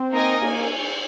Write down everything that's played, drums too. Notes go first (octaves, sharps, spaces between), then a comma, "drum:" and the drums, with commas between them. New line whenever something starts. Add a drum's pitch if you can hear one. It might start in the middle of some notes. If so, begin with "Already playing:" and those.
Already playing: C4
A#3 D#4 A#4 D#5 G#5
A#3 G#5, drum: cymbal